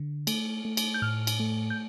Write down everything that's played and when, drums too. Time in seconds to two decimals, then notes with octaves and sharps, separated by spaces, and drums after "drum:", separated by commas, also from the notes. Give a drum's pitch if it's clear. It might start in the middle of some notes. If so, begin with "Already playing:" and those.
Already playing: D3
0.27 A3, drum: cymbal
0.65 A3
0.77 drum: cymbal
0.94 G6
1.02 A2 F6
1.27 drum: cymbal
1.40 A3
1.70 G6